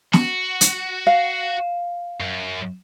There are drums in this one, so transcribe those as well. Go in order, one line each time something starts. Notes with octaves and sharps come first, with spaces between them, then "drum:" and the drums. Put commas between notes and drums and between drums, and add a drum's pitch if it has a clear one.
F#4, drum: snare
drum: hi-hat
F5
F#2